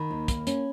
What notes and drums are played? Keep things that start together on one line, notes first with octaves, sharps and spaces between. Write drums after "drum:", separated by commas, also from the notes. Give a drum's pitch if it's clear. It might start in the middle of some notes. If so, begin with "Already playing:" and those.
Already playing: D#3 B5
D#2
A#3, drum: kick, hi-hat
C#4, drum: hi-hat